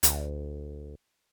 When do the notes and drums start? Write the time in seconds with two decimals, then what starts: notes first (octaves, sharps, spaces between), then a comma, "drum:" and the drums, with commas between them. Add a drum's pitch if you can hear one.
0.03 D2, drum: hi-hat